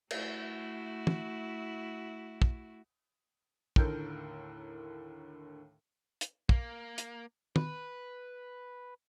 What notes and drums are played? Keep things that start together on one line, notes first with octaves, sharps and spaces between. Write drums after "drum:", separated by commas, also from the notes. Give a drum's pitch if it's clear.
A3 E4 F#4, drum: cymbal
drum: tom
drum: kick
D#2 A2 D3 A4 A#4 G6, drum: kick
drum: hi-hat
A#3, drum: kick
drum: hi-hat
B4, drum: tom